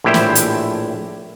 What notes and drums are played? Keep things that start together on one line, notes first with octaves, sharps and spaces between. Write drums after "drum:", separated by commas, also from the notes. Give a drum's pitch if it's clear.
A#1 A2 E4 G4 C5
drum: snare
drum: hi-hat